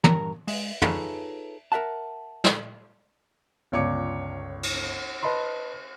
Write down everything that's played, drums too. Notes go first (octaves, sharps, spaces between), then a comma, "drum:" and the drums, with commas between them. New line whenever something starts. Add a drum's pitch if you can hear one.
G2 A#4 C#5 A#5, drum: tom
G#3, drum: open hi-hat
D#4 F4 G#4 A4 B4 C#5, drum: tom
A#4 E5 F#5 A5
drum: snare
G1 C#2 C#5 D5 D6 C#7
drum: cymbal
B4 D#5 A5 B5 C6